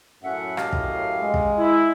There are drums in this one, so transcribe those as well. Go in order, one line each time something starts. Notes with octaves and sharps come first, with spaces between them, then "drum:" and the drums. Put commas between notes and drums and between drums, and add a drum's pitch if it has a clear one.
F#2 A2 C#4 E5 F#5
G4 D#5 F5, drum: rim click
drum: kick
G#3
drum: kick
E4